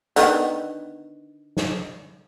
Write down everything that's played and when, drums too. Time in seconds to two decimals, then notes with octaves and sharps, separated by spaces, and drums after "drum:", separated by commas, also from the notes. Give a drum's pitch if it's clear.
0.16 D3 D#3 B3, drum: hi-hat
1.57 drum: snare